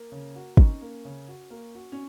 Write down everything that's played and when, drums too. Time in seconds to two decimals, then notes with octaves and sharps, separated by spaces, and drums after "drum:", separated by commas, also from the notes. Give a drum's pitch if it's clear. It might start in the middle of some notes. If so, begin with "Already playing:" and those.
Already playing: A#3
0.12 C#3
0.35 F#4
0.57 C#4 D#4, drum: kick
0.82 A#3
1.05 C#3
1.28 F#4
1.50 A#3
1.75 F#4
1.92 C#4